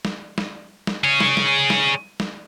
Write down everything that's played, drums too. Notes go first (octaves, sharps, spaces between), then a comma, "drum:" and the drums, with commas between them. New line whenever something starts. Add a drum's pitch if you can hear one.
drum: snare
drum: snare
drum: snare
G#4 C#5
drum: snare
drum: snare
drum: snare
drum: snare